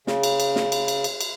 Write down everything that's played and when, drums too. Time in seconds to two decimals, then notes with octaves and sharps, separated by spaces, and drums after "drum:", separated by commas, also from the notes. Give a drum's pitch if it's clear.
0.07 C#3, drum: snare
0.23 drum: cymbal
0.40 drum: cymbal
0.56 drum: snare
0.72 drum: cymbal
0.88 drum: cymbal
1.04 drum: cymbal
1.21 drum: cymbal